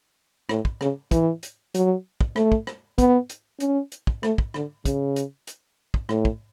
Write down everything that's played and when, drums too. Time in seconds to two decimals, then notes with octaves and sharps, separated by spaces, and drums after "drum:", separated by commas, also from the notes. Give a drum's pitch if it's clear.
0.49 A2, drum: rim click
0.65 drum: kick
0.81 C#3, drum: rim click
1.11 E3, drum: kick, hi-hat
1.43 drum: hi-hat
1.74 F#3, drum: hi-hat
2.21 drum: kick
2.36 A3, drum: rim click
2.52 drum: kick
2.67 drum: rim click
2.98 B3, drum: kick, hi-hat
3.29 drum: hi-hat
3.60 C#4, drum: hi-hat
3.92 drum: hi-hat
4.07 drum: kick
4.23 A3, drum: rim click
4.38 drum: kick
4.54 D3, drum: rim click
4.85 C#3, drum: kick, hi-hat
5.16 drum: hi-hat
5.47 drum: hi-hat
5.94 drum: kick
6.09 A2, drum: rim click
6.25 drum: kick